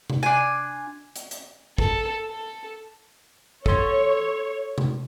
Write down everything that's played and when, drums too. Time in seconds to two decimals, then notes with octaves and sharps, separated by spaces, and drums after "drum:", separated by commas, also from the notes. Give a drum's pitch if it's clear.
0.10 drum: tom C3
0.23 D4 F4 G#5
1.16 drum: hi-hat
1.31 drum: hi-hat
1.78 A4, drum: kick
2.28 A4
3.66 A4 C#5 C6, drum: kick
4.78 drum: tom C3